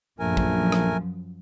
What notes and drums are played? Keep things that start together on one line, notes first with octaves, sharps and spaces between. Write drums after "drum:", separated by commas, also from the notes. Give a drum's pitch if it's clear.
A#1 F#2 F3 A3 A#4 G#5
drum: kick
drum: rim click